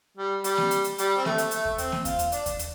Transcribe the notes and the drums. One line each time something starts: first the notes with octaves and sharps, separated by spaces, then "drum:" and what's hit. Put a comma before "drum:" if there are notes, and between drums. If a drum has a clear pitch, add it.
G3
G3, drum: hi-hat
drum: snare A#3
drum: hi-hat
drum: hi-hat
G3, drum: hi-hat
C4
A3, drum: snare A#3
drum: hi-hat
A3, drum: hi-hat
drum: kick D#2
C4, drum: hi-hat
drum: snare A#3
F4, drum: kick D#2, hi-hat
drum: hi-hat
D4, drum: hi-hat
drum: kick D#2, hi-hat
drum: hi-hat